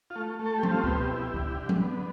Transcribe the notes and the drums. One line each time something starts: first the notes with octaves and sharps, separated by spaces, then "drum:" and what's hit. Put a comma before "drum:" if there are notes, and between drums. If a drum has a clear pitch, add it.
F4
A3
A3
A4
G4
C4, drum: tom F3
F4
B2 G4, drum: kick C#2
E4
D3, drum: kick C#2
D3
drum: tom F3
B3